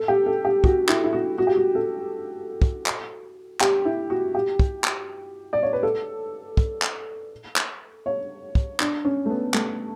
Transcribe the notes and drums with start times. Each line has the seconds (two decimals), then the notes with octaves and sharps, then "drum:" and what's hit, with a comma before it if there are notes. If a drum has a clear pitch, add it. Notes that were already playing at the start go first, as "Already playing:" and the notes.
Already playing: A4
0.08 G4
0.26 A4
0.45 G4
0.64 F#4, drum: kick
0.89 E4, drum: clap
1.04 E4
1.13 F#4
1.38 F#4
1.47 G4
1.56 F#4
1.75 A4
2.62 drum: kick
2.86 drum: clap
3.61 G4, drum: clap
3.85 E4
4.10 F#4
4.35 G4
4.59 drum: kick
4.84 drum: clap
5.53 D5
5.63 C#5
5.73 B4
5.83 A4
6.57 drum: kick
6.82 drum: clap
7.56 drum: clap
8.06 C#5
8.55 drum: kick
8.80 D4, drum: clap
9.05 C#4
9.26 A3
9.29 B3
9.54 A3, drum: clap